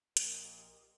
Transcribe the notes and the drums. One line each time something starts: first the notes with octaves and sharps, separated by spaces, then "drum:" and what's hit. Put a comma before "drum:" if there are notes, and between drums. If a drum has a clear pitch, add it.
A#1 A#2 G4 A#4 D#5, drum: hi-hat